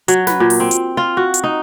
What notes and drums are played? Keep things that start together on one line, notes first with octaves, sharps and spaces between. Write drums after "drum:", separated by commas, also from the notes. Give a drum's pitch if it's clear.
F#3, drum: hi-hat
B4, drum: snare
A#2
drum: open hi-hat
C4
drum: hi-hat
F4
F#4
drum: hi-hat
D#4